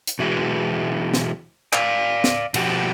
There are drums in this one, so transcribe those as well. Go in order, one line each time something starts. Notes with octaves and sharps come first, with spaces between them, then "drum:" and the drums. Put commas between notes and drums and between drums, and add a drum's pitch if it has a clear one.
drum: hi-hat
B2 E3 F#3 G#3
drum: snare
D5 F5, drum: clap
drum: snare
B2 F3 F#4 G4, drum: cymbal